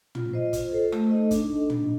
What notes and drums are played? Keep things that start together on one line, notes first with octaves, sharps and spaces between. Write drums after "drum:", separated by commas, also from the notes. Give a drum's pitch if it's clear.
F4, drum: tom
C5 D#5
F4, drum: kick, hi-hat
A4 C5
A3, drum: rim click
D#4 A4 D#5
D4, drum: kick, hi-hat
A4 D#5
D4, drum: tom